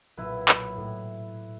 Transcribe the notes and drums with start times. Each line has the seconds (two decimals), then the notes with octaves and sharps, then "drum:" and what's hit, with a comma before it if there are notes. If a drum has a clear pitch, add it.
0.17 B1 A#2 E4 B4
0.48 drum: clap
0.77 A2